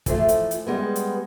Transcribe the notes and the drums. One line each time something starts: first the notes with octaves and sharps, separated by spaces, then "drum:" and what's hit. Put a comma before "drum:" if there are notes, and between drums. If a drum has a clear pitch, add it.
E3 F3 A3, drum: kick, hi-hat
drum: hi-hat
drum: hi-hat
G3 G#3 B3
drum: hi-hat